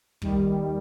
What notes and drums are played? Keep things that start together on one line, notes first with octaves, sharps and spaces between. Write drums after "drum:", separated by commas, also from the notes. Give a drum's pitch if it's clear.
D#2 D#3 G3, drum: kick